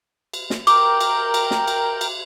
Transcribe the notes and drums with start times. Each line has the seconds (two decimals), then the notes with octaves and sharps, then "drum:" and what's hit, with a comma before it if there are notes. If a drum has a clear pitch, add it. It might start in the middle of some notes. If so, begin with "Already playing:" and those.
0.34 drum: cymbal
0.50 drum: snare
0.67 A#4 G5 D6, drum: cymbal
1.01 drum: cymbal
1.34 drum: cymbal
1.51 drum: snare
1.68 drum: cymbal
2.01 drum: cymbal